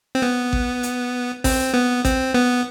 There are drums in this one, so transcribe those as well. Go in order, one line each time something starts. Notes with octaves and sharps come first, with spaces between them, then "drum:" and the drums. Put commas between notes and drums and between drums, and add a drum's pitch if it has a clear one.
C4
B3
drum: kick A1
drum: hi-hat
C4, drum: kick A1, open hi-hat
B3
C4, drum: kick A1, hi-hat
B3